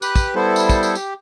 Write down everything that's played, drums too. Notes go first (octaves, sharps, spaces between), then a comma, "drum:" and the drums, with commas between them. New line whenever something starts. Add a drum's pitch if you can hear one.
G4 B4 F#6, drum: tambourine
drum: kick, tambourine
G3 B3 E4 A4 C5
drum: tambourine
drum: kick, tambourine
drum: tambourine
G4, drum: tambourine